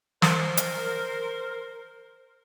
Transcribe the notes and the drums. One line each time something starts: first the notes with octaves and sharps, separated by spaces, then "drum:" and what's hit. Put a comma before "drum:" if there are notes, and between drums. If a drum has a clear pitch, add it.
A#4 C5, drum: snare
drum: hi-hat